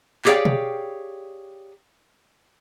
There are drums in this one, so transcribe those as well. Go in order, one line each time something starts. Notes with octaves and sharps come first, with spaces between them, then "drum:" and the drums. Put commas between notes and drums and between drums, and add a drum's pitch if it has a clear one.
G4 G#4 C#5 D5 F5 G5, drum: clap
drum: tom B2